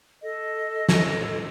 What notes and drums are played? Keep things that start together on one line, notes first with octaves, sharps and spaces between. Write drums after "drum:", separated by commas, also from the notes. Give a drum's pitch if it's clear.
A4 D#5
drum: snare